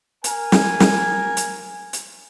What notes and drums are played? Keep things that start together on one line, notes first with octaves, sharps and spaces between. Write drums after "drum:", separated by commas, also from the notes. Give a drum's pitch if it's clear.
A#4 G#5, drum: hi-hat
drum: snare
drum: snare
drum: hi-hat
drum: hi-hat